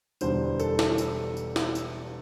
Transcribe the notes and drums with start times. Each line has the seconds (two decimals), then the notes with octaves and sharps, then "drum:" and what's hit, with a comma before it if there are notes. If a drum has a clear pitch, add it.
0.21 E1 E2 D3 G3 C5, drum: tambourine
0.60 A4, drum: tambourine
0.79 drum: snare
0.98 drum: tambourine
1.37 drum: tambourine
1.56 drum: snare
1.75 drum: tambourine